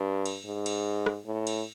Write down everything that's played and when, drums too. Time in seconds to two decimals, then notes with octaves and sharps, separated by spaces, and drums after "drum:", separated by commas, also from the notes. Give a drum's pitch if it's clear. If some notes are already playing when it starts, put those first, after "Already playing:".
Already playing: G2
0.26 drum: cymbal
0.46 G#2
0.66 drum: cymbal
1.06 drum: rim click
1.26 A2
1.47 drum: cymbal